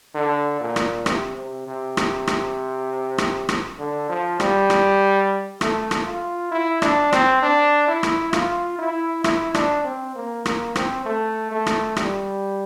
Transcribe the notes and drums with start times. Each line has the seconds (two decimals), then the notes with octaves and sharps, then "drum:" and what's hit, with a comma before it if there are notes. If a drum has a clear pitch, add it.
0.15 D3
0.61 A#2
0.76 drum: rim click
1.06 C3, drum: rim click
1.36 C3
1.67 C3
1.97 drum: rim click
2.27 drum: rim click
3.18 drum: rim click
3.49 drum: rim click
3.79 D3
4.09 F3
4.40 G3, drum: rim click
4.70 drum: rim click
5.61 A3, drum: rim click
5.91 drum: rim click
6.06 F4
6.52 E4
6.82 D4, drum: rim click
7.13 C4, drum: rim click
7.42 D4
7.88 E4
8.03 drum: rim click
8.33 F4, drum: rim click
8.79 E4
9.24 E4, drum: rim click
9.54 D4, drum: rim click
9.84 C4
10.16 A#3
10.46 A#3, drum: rim click
10.76 C4, drum: rim click
11.06 A3
11.51 A3
11.67 drum: rim click
11.96 G3, drum: rim click